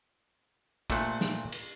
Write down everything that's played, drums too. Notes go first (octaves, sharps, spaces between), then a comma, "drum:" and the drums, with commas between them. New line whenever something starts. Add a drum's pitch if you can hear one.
A#2 A3 C5 F#5, drum: kick, cymbal
drum: snare
drum: cymbal